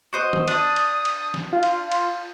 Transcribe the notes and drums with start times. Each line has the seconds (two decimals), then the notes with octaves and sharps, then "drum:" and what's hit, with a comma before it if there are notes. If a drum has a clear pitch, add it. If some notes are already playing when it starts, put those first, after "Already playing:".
0.13 F#4 C5 D#5
0.33 drum: tom
0.48 D4 D#6, drum: cymbal
0.76 drum: cymbal
1.05 drum: cymbal
1.34 drum: snare
1.53 F4
1.63 drum: cymbal
1.92 drum: cymbal